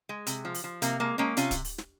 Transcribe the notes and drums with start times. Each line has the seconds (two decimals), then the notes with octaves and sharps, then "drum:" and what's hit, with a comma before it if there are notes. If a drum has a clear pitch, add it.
0.09 G#3
0.27 C3, drum: hi-hat
0.45 F3
0.54 drum: open hi-hat
0.64 F3
0.82 C3 A#3, drum: hi-hat
1.00 G#3 A#3
1.18 G#3 A#3 C#4
1.37 C3 C#4 F4, drum: hi-hat
1.51 drum: kick D1, hi-hat
1.65 drum: open hi-hat
1.78 drum: snare